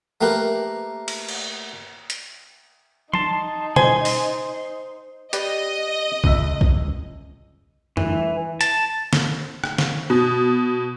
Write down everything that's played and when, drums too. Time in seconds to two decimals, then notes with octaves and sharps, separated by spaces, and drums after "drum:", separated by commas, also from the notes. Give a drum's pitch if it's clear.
0.21 A3 A#3 G4 A#4 B4
1.08 drum: cymbal
1.29 drum: cymbal
2.10 drum: hi-hat
3.14 D#4 A5 C6, drum: tom F3
3.76 C5 G#5 C6, drum: tom B2
4.05 drum: open hi-hat
5.33 G4 B4 D5 D#5, drum: hi-hat
6.24 C#2 E5, drum: kick
6.61 drum: kick
7.97 E3, drum: tom
8.61 A5, drum: hi-hat
9.13 drum: snare
9.64 drum: rim click
9.78 drum: snare
10.10 B2